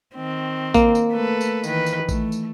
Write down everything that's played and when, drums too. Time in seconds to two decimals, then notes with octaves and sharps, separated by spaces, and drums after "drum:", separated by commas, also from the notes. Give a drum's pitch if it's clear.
0.15 D#3 C4
0.74 A#3, drum: kick, tambourine
0.95 drum: tambourine
1.12 A3 A4 B4
1.41 drum: tambourine
1.64 D#3 E3 B4, drum: tambourine
1.86 drum: tambourine
2.09 A3, drum: kick, tambourine
2.32 drum: tambourine